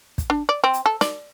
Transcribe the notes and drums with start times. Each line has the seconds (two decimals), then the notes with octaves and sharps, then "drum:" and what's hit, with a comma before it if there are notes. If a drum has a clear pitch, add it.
0.18 drum: kick, hi-hat
0.30 D4
0.49 D5
0.64 C4
0.73 drum: hi-hat
0.86 A4
1.01 D5, drum: snare